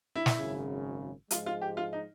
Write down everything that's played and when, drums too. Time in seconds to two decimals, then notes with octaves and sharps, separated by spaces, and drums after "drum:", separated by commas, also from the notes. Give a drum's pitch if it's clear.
0.16 E4
0.26 drum: snare
0.38 G#1 F#2 C#3
1.31 G#2 F3 G#3 F4, drum: hi-hat
1.46 F4
1.62 G4
1.77 F4
1.93 D#4